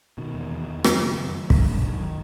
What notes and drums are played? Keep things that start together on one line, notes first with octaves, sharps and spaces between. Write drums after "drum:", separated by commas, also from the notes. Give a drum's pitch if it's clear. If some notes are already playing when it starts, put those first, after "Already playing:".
B2 D#3
E2
E2
E2
F#2, drum: rim click
C#3
F#2
F#2
F#2 D3, drum: kick
F#2
F#2 D#3